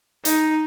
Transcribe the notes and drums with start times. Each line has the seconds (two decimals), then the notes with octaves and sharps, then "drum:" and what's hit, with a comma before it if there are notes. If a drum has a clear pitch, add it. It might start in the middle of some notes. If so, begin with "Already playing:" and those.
0.25 D#4, drum: hi-hat